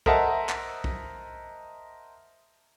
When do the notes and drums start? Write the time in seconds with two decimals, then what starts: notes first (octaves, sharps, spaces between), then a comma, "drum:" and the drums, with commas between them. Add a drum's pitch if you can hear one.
0.06 A#4 C5 D#5 E5 F#5 A5, drum: kick B1
0.49 drum: clap
0.84 drum: kick B1